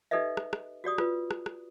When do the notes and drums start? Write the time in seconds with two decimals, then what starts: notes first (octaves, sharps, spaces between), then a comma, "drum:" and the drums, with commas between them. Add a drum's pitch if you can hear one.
0.11 D#4 G4 A4 B4 D#5 E5
0.37 drum: rim click
0.53 drum: rim click
0.84 F#4 G4 D5 D#6
0.98 F4 B4, drum: rim click
1.31 drum: rim click
1.46 drum: rim click